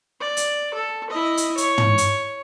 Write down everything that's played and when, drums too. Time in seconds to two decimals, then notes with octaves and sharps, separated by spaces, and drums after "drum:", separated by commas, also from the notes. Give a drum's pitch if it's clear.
0.20 D5
0.37 drum: hi-hat
0.74 A4
1.10 E4 D#5
1.37 drum: hi-hat
1.58 C#5, drum: hi-hat
1.78 drum: tom
1.98 drum: hi-hat